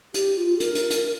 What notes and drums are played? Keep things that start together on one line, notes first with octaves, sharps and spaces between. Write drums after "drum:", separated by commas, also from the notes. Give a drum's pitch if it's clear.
G4, drum: hi-hat
F4
A#4, drum: hi-hat
drum: hi-hat
drum: hi-hat